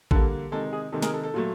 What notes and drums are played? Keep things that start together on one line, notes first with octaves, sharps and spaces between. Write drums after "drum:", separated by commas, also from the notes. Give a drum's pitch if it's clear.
D3 G3 A#3 A4, drum: kick A1
C3 D#3 G#3 A4
G#4
C3 D#3 G#3 A4
G#4 A#4, drum: snare
A4
A4
A#2 F#3 A3